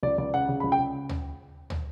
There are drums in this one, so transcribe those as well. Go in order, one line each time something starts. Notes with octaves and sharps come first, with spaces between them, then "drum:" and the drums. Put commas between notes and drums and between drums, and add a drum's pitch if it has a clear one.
C#2 D5
C#2 D5
C#3 F#5
C#3
B5
C#2
G5
C#3
drum: tom
drum: tom